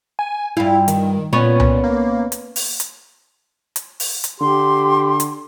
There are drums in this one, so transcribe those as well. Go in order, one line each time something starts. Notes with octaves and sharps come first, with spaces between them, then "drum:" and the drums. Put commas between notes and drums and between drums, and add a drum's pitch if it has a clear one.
G#5
G2 E4 F4
D#3, drum: hi-hat
A#2 B3 C#4 C#5
drum: tom C2
A#3
drum: hi-hat
drum: open hi-hat
drum: hi-hat
drum: hi-hat
drum: open hi-hat
drum: hi-hat
D3 G4 C6
drum: hi-hat